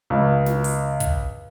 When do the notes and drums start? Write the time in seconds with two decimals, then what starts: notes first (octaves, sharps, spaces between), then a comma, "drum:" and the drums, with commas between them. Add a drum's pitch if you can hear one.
0.10 C#2
0.46 drum: snare
0.64 drum: open hi-hat
1.00 drum: kick, hi-hat